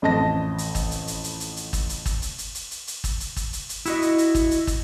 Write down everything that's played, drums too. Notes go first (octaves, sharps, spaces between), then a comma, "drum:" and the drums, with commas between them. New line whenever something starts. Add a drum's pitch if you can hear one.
A1 F2 D#5 A5 A#6
drum: hi-hat
drum: kick, hi-hat
drum: hi-hat
drum: hi-hat
drum: hi-hat
drum: hi-hat
drum: hi-hat
drum: kick, hi-hat
drum: hi-hat
drum: kick, hi-hat
drum: hi-hat
drum: hi-hat
drum: hi-hat
drum: hi-hat
drum: hi-hat
drum: kick, hi-hat
drum: hi-hat
drum: kick, hi-hat
drum: hi-hat
drum: hi-hat
E4 F#4 D#5, drum: hi-hat
drum: hi-hat
drum: hi-hat
drum: kick, hi-hat
drum: hi-hat
drum: kick, hi-hat